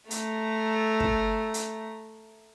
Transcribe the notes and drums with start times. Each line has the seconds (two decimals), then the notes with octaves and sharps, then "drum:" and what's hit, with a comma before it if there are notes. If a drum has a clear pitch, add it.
0.11 A3 A#5, drum: hi-hat
1.00 drum: kick
1.54 drum: hi-hat